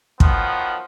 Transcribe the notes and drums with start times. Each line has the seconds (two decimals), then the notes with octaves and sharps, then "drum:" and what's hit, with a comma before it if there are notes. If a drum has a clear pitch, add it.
0.20 D#3 F3 F#3 B3, drum: kick